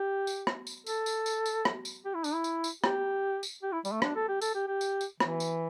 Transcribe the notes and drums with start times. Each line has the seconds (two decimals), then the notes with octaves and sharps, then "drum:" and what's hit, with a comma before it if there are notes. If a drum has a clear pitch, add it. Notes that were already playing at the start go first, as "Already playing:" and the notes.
Already playing: G4
0.27 drum: tambourine
0.47 drum: rim click
0.67 drum: tambourine
0.87 A4, drum: tambourine
1.06 drum: tambourine
1.26 drum: tambourine
1.46 drum: tambourine
1.65 drum: rim click
1.85 drum: tambourine
2.05 G4
2.14 E4
2.24 D4, drum: tambourine
2.34 E4
2.44 drum: tambourine
2.64 drum: tambourine
2.84 G4, drum: rim click
3.43 drum: tambourine
3.63 G4
3.72 E4
3.85 G3, drum: tambourine
3.92 A3
4.02 D4, drum: rim click
4.16 A4
4.29 G4
4.41 A4, drum: tambourine
4.55 G4
4.68 G4
4.81 drum: tambourine
5.01 drum: tambourine
5.20 E3, drum: rim click
5.40 drum: tambourine